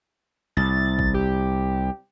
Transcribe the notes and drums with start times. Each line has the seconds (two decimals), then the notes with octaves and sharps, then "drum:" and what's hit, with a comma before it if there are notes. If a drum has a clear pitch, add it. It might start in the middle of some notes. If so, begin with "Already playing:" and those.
0.57 C2 A6
0.99 drum: kick G#1
1.14 G4